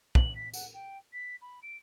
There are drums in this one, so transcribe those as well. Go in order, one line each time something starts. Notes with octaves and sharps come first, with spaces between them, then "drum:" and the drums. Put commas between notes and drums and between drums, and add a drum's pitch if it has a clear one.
F#7, drum: kick
B6
F#5, drum: tambourine
G5
B6
B5
D7